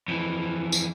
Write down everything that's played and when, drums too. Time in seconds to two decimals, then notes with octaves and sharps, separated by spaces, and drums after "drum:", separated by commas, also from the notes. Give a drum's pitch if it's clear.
0.08 F2 E3
0.72 drum: tambourine